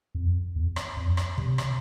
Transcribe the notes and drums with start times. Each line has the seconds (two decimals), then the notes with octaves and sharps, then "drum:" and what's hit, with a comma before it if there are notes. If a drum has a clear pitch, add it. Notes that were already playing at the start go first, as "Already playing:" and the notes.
0.15 F2
0.56 E2
0.76 drum: rim click
0.97 F2
1.17 drum: rim click
1.38 C3, drum: kick
1.58 drum: rim click